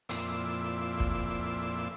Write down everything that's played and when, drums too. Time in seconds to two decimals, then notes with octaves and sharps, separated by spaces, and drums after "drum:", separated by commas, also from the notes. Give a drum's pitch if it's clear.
0.09 F2 A#2 E4 D5 C6 E6, drum: hi-hat
1.00 drum: kick